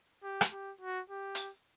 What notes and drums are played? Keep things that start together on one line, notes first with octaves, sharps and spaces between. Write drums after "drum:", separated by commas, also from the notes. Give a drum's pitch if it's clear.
G4
drum: rim click
G4
F#4
G4
drum: hi-hat